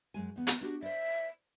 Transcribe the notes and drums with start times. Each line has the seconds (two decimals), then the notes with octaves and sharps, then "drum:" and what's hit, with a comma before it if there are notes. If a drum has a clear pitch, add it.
0.14 F#2 G#3 G#5
0.36 E2 B3
0.47 drum: hi-hat
0.61 D4 F#4 G4
0.82 C5 D5 E5